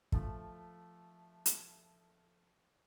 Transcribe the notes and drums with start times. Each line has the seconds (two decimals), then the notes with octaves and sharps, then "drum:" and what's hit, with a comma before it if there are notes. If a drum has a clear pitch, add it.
0.12 F3 A3, drum: kick
1.46 drum: hi-hat